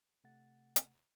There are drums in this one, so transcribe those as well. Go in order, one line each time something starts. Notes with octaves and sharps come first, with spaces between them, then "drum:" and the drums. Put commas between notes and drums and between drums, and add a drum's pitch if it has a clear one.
C3 A3 F#5 A6
drum: hi-hat